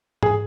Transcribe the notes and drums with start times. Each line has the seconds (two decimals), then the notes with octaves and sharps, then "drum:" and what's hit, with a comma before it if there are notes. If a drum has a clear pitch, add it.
0.23 G#4, drum: tom G#2